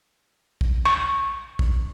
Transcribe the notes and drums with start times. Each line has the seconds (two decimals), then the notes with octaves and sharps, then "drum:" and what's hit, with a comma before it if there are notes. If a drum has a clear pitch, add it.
0.61 drum: kick
0.85 C#6
1.59 drum: kick